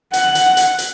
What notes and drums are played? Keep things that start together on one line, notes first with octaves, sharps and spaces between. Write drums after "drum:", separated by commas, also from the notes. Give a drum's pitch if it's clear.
F#5, drum: hi-hat
drum: hi-hat
drum: hi-hat
drum: hi-hat